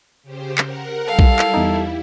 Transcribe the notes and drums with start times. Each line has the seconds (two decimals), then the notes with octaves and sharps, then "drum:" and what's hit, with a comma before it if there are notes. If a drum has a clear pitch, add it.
0.23 C#3 G4 C5
0.58 A#4 F#5, drum: clap
1.07 G3 E4 A4 F5
1.19 drum: kick A#1
1.39 drum: clap
1.54 E2 D#4